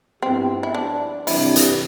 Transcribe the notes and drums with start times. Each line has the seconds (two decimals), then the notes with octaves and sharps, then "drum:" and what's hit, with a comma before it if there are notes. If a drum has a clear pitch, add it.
0.22 G2 F3 B3 C4 E4 G4
0.63 E4
0.74 D4
1.27 F2 C3 E3 G3 D4 E4, drum: open hi-hat
1.56 drum: hi-hat